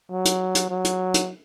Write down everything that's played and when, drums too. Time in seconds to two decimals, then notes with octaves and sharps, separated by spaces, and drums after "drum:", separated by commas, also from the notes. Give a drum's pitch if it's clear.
0.11 F#3
0.25 drum: hi-hat
0.55 drum: hi-hat
0.70 F#3
0.84 drum: hi-hat
1.14 drum: hi-hat